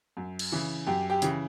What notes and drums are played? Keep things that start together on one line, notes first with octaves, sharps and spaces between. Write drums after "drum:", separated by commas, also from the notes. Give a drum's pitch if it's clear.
F#2
drum: cymbal
C#3 E3
F#2 G4 G5
G4 G5
C#3 E3, drum: hi-hat